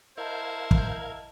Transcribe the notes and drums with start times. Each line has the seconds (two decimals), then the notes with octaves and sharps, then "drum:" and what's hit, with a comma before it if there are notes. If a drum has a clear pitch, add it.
0.18 E4 A#4 C5 D#5 F5 A5 G#6
0.71 drum: kick